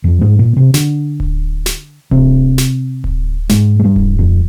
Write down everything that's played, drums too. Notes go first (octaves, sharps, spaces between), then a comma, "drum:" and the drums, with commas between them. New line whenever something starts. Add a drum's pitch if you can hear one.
F2 F3
G#2 G#3
A#2 A#3
C3 C4
D3 D4, drum: snare
drum: kick D1
drum: snare
C3 C4, drum: kick D1
drum: snare
drum: kick D1
G#2 G#3, drum: snare
G#3
G2 G3
drum: kick D1
F2 F3